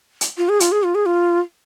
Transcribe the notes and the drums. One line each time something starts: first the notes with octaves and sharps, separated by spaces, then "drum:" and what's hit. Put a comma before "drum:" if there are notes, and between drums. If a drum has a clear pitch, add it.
drum: hi-hat
F4
G#4
F4, drum: hi-hat
G#4
F4
G#4
F4